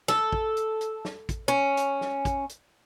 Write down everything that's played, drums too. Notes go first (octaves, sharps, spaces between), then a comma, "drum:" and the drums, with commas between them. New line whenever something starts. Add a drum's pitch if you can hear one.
A4, drum: snare
drum: kick
drum: hi-hat
drum: hi-hat
drum: snare
drum: kick, hi-hat
C#4
drum: hi-hat
drum: snare
drum: kick, hi-hat
drum: hi-hat